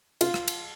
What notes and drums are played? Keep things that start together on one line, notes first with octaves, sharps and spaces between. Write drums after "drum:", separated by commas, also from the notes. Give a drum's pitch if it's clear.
F4, drum: cymbal
drum: rim click
drum: cymbal